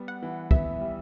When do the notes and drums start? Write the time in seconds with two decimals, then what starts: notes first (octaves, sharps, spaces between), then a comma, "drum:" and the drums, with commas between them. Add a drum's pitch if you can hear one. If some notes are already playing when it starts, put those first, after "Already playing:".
Already playing: G3 B3
0.08 F#5
0.23 E3
0.51 B3 E5, drum: kick
0.80 G3